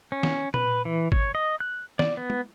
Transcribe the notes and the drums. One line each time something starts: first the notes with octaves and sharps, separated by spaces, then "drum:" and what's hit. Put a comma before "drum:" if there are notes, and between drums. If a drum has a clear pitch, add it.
C#4
drum: snare
B4, drum: tom A#2
E3
C#5, drum: kick
D#5
F#6
D5, drum: snare
B3
drum: tom